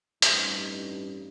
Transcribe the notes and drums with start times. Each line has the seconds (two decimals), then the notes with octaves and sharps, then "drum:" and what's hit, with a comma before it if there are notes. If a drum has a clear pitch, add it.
0.22 A1 G2 D#4, drum: hi-hat